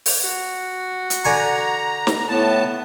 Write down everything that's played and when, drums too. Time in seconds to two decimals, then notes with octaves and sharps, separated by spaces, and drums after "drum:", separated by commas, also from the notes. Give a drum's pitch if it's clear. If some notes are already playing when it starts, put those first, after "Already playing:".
0.06 drum: open hi-hat
0.21 F#4
1.10 drum: hi-hat
1.25 D3 G#5 A#5 C#6
2.07 drum: snare
2.28 A2 B3 A5